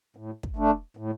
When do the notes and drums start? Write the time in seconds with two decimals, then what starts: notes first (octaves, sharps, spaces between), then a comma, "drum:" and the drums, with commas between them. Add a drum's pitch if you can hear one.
0.16 A2
0.43 drum: kick
0.56 A3 D4
0.97 A2